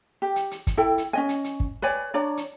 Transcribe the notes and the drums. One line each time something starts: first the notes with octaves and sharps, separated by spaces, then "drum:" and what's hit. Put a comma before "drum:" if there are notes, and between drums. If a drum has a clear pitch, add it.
G4
drum: hi-hat
drum: hi-hat
drum: kick, hi-hat
E4 A4 G5
drum: hi-hat
C#4 D#5 G#5
drum: hi-hat
drum: hi-hat
drum: kick
B4 C#5 D5 G#5
D4 C#5 D5 A#5
drum: hi-hat